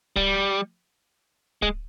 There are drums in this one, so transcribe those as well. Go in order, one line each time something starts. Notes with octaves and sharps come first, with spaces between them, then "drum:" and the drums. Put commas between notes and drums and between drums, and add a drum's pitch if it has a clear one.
G3, drum: kick D1
G#3, drum: kick D1